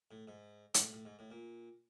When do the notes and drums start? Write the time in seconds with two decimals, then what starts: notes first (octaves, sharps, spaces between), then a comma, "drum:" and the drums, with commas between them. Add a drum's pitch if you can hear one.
0.11 A2
0.28 G#2
0.74 G#2, drum: hi-hat
0.79 A2
0.93 A2
1.05 G#2
1.19 A2
1.31 A#2